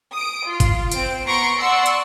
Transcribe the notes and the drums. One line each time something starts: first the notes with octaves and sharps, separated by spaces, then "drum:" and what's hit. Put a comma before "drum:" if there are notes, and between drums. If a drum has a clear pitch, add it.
D#6 D7
F4
drum: kick G1, hi-hat
C4 C5 D7, drum: hi-hat
B3 A#5 C6 C#6 D7
D5 F#5 C6 C#6 E6
drum: hi-hat